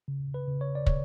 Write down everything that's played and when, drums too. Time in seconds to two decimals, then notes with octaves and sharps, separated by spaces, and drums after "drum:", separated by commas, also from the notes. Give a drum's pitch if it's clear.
0.08 C#3
0.34 B4
0.48 C#3
0.61 C#5
0.75 D5
0.86 C#3 C#5, drum: kick